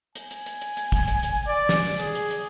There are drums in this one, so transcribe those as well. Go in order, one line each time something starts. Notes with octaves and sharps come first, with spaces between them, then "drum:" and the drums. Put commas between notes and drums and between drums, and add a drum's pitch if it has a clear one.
G#5, drum: hi-hat
drum: hi-hat
drum: hi-hat
drum: hi-hat
drum: hi-hat
drum: kick, hi-hat
drum: hi-hat
drum: hi-hat
D5
drum: snare
drum: open hi-hat
G#4, drum: hi-hat
drum: hi-hat
drum: hi-hat